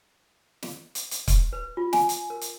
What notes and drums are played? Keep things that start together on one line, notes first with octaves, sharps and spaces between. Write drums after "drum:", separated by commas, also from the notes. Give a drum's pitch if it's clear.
drum: snare
drum: hi-hat
drum: hi-hat
drum: kick C#1, hi-hat
B4
F4
G#5, drum: snare
drum: hi-hat
A#4
drum: hi-hat